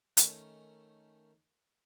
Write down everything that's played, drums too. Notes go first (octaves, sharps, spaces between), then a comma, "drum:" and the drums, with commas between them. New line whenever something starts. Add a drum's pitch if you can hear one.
D#3 A3 C#4, drum: hi-hat